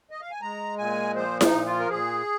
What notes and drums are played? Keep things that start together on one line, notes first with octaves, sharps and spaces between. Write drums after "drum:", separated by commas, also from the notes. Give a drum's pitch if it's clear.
D#5
F5
G#5
G#3 A#5
A#2 G#5
F3 C5
D#4, drum: snare E4
A#2
F4
A#4
A#2 G#4